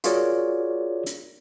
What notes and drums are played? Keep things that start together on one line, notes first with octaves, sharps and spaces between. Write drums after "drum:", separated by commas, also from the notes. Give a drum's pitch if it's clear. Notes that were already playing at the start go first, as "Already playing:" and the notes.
F4 F#4 G#4 A#4 C#5 D5, drum: hi-hat
drum: hi-hat